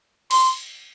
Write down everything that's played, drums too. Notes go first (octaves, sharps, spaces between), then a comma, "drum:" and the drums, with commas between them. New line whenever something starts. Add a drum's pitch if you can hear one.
C6, drum: cymbal